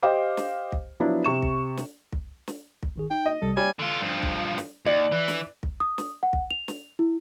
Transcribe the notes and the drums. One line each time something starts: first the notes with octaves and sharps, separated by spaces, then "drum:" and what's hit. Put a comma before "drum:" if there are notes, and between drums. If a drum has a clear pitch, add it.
G4 C5 D#5 F5 G5 D6
drum: snare
drum: kick
F3 F#3 B3 D4 E4
C3 C#6 E7
drum: kick
drum: snare
drum: kick
drum: snare
drum: kick
G#1 D#3 G#4
D#4 G5
D#5
C2 C3 G3 A4
G3 C#5 G#5
D3 F4
G2 F3
drum: kick
drum: snare
D#2 D5
E3
drum: snare
drum: kick
D#6
drum: snare
F#5
drum: kick
F7
drum: snare
E4